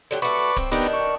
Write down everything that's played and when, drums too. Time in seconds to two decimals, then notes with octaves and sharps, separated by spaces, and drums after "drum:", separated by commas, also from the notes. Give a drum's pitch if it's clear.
0.11 D3 F#3 G4
0.22 A3 F#4 B4 D5 C#6
0.57 C4, drum: kick D1, hi-hat
0.72 D#3 B3 D4 D#4 G4
0.81 drum: hi-hat
0.93 C#6